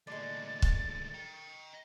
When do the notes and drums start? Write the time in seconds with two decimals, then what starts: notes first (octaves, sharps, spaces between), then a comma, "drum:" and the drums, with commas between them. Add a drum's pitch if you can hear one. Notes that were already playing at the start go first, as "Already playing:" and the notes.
0.07 D2 A#2 D3 G#3 A6
0.62 drum: kick C#1
1.14 D#5 G5